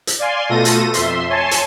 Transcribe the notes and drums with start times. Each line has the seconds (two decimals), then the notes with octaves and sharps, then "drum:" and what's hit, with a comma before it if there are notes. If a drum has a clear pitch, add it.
0.07 drum: hi-hat
0.19 D5 F5 G#5 C6
0.49 B2 A3 F4 A4 A#6 D#7
0.65 drum: hi-hat
0.94 F2 E5 C6, drum: hi-hat
1.30 C#5 G#5 A5 C6
1.51 drum: hi-hat